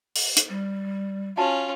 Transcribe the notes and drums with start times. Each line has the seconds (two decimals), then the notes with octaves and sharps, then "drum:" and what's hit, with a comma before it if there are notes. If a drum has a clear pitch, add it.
0.16 drum: open hi-hat
0.37 drum: hi-hat
0.49 G3
1.37 C#4 F4 F#4 G#5 A5